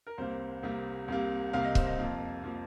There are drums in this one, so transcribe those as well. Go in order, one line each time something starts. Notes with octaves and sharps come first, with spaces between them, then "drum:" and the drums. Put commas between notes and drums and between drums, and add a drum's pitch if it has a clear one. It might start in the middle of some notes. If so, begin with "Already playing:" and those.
A#4
C2 C3 G3 A#3 C5
C2 C3 G3 A#3
C2 C3 G3 A#3
C2 C3 G3 A#3 F5
D#5
C5, drum: kick
D#5
F2 F3 A#3
F3 A#3